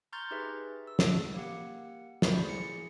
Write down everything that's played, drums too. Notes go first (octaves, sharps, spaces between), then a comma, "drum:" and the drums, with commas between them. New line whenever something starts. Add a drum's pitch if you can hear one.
A#5 C6 C#6 F6 G6 A6
D#4 G4 G#4 B4 E5
E6
drum: snare
A#3 G4 F#5
E4 C5 D5, drum: snare
G#4 C#7